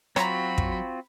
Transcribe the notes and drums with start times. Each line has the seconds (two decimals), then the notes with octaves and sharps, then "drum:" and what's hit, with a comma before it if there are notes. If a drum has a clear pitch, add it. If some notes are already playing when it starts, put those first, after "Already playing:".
0.16 F#3 C4 F4 F#4 C#5 A#5 B5, drum: rim click
0.58 drum: kick